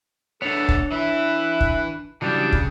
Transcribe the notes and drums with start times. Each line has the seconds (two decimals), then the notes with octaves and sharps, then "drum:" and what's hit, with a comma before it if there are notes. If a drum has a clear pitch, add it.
0.42 A3 B3 D4 A4 C#5
0.69 drum: kick
0.92 E3 E4 B4 E5
1.61 drum: kick
2.22 C#3 E3 F#3 G3 D4 G5
2.53 drum: kick